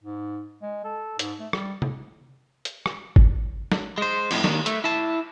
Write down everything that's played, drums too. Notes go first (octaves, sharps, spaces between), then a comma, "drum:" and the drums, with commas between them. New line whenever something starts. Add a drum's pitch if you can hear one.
G#2
G#3
A4
G#2, drum: hi-hat
A3
G3, drum: rim click
drum: tom C3
drum: hi-hat
drum: rim click
drum: kick G1
drum: snare
G#3 C5
F2 A2, drum: cymbal
D#2 D#3, drum: snare
A3, drum: hi-hat
E4 A5